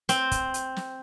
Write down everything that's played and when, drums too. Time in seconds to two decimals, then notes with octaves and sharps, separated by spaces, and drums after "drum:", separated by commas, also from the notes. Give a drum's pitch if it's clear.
0.09 C4, drum: hi-hat
0.31 drum: kick, hi-hat
0.54 drum: hi-hat
0.76 drum: snare